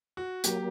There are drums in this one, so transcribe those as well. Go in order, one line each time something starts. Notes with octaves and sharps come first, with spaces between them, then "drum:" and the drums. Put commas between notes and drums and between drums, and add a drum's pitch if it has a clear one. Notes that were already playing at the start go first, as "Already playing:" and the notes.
F#4
F#3 A#3 G4, drum: hi-hat